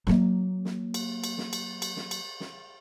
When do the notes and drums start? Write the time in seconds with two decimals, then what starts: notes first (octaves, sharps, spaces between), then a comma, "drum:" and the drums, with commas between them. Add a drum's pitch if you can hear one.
0.07 F#3 A#3, drum: snare
0.65 drum: snare
0.94 drum: cymbal
1.24 drum: cymbal
1.38 drum: snare
1.53 drum: cymbal
1.82 drum: cymbal
1.97 drum: snare
2.11 drum: cymbal
2.40 drum: snare